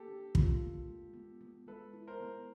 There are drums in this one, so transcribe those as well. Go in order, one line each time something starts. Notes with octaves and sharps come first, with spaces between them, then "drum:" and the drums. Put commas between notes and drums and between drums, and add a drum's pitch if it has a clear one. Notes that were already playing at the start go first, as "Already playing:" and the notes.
Already playing: A#3 G4 A4
D4
F4, drum: kick
A#3
G#3
B3
B3
G#3 A4 B4
E4
A#4 C5
B3